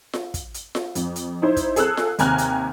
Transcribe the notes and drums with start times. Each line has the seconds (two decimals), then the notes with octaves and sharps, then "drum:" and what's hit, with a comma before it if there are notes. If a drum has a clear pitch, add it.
0.13 drum: snare F4
0.34 drum: kick, hi-hat
0.54 drum: hi-hat
0.75 drum: snare F4
0.95 F2, drum: hi-hat
1.16 drum: hi-hat
1.42 D#4 E4 C5
1.57 drum: kick, hi-hat
1.76 G#4 A4 E6 F#6, drum: hi-hat
1.97 drum: snare F4
2.19 D#2 C3 G#5 A#5 F6 F#6, drum: hi-hat
2.38 drum: hi-hat